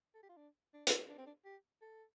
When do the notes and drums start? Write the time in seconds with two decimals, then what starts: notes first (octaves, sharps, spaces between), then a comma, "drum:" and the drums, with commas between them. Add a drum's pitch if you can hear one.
0.15 A4
0.23 G4
0.30 F4
0.37 D4
0.74 D4
0.87 drum: hi-hat
1.09 D4
1.18 C4
1.26 D4
1.45 G4
1.82 A4